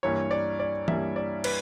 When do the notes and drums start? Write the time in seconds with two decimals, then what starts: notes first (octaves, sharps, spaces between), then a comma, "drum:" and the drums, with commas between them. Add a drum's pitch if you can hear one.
0.03 G2 E3 G3 A#3 C#5
0.31 D5
0.60 D5
0.88 G2 E3 G3 A#3 E5, drum: tom
1.16 D5
1.44 B4, drum: cymbal